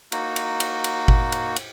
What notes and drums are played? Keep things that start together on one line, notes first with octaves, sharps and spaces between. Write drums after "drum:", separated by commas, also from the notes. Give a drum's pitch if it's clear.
A#3 D#4 F#4, drum: cymbal
drum: cymbal
drum: cymbal
drum: cymbal
drum: kick G1
drum: cymbal
drum: cymbal